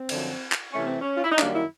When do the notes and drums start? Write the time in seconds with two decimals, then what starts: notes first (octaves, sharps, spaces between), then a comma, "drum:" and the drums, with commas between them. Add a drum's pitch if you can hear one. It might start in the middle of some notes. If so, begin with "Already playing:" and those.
Already playing: C4
0.09 F#2 D3 F3, drum: cymbal
0.52 drum: clap
0.73 C3 E3 A3 C#4
0.87 C4
0.99 C#4
1.17 F4
1.24 E4
1.32 D#4
1.39 F#2 D#3 G3 A#3 D4, drum: clap
1.55 E4